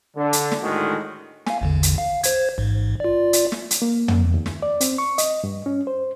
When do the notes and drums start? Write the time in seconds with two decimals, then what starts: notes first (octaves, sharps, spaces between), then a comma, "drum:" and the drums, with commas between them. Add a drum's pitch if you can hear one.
0.16 D3
0.33 drum: hi-hat
0.52 drum: snare
0.62 A2 D3 D#3 G#3 F#4
1.46 F5 G#5, drum: snare
1.61 A1 E2 D3
1.83 drum: hi-hat
1.98 F5
2.23 C5 G#6, drum: hi-hat
2.58 A1 G#2
3.00 F4 D5
3.33 drum: hi-hat
3.52 drum: snare
3.71 drum: hi-hat
3.82 A#3
4.08 drum: tom
4.34 D#2
4.46 drum: snare
4.62 D5
4.81 C4, drum: hi-hat
4.98 C#6
5.18 D#5, drum: hi-hat
5.44 G2
5.66 C#4
5.87 C5